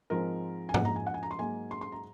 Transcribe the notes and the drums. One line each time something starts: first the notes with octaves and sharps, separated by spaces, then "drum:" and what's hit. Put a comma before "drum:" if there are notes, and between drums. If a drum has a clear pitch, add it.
G#2 F3 G#3 C4 A#4
G#5
G#2 F3 A#3 F#5, drum: tom G#2
A#5
G#5
F#5
G#5
A#5
C6
G#2 F#3 A#3 G#5
C6
C6
A#5